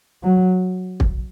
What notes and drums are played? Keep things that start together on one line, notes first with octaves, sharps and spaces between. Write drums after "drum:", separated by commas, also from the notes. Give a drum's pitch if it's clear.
F#3
drum: kick